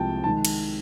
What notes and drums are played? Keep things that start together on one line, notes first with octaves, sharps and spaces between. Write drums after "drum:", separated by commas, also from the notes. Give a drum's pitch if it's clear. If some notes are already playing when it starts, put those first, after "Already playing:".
Already playing: C2 C3 F3 G#3 G5 A5
D#3 G#3 A5
drum: cymbal